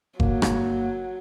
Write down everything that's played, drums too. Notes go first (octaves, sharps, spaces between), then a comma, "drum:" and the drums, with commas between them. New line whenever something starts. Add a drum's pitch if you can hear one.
G1 F#3 A#3, drum: kick F#1
drum: rim click